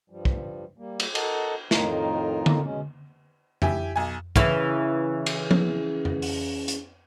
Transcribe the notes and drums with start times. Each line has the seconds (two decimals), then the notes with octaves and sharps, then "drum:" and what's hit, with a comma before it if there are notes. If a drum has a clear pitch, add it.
0.10 G2 F3 G3
0.25 drum: kick
0.78 G3 A#3
1.00 drum: cymbal
1.15 A4 A#4 D#5 F#5 A5, drum: cymbal
1.71 F2 A2 D#3 D#4 F4 A#4, drum: snare
2.46 drum: tom D3
2.64 B2 G#3 C#4
3.62 E4 G4 G#5, drum: tom F2
3.96 B1 G#5
4.36 C#3 E3, drum: kick
5.26 drum: cymbal
5.51 drum: tom F3
6.05 drum: tom F2
6.22 drum: open hi-hat
6.68 drum: hi-hat